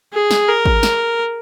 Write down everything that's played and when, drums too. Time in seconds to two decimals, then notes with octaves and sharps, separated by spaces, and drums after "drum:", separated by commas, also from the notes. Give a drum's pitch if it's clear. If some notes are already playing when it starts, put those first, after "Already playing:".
0.14 G#4
0.31 drum: snare
0.48 A#4
0.65 drum: kick
0.83 drum: snare